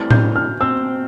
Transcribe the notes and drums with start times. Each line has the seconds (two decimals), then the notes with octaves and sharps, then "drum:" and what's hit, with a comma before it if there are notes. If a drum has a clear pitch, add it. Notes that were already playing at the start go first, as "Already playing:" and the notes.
Already playing: A2 E3 G3 C4 F6
0.11 G6, drum: tom A2
0.36 F6
0.61 C4 E6